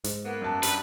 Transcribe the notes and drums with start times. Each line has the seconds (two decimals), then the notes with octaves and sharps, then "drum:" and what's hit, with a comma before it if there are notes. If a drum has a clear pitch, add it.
0.04 G#2, drum: hi-hat
0.25 A#3 B3
0.42 F#2 A5
0.63 G2 B4, drum: hi-hat